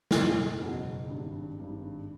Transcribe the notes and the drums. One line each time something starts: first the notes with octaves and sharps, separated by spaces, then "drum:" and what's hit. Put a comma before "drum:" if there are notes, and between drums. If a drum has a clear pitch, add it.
F#1 E2 B2 F#3, drum: snare
F#1 E2 B2 F#3
G#1 G2 D#3
G#1 G2 D#3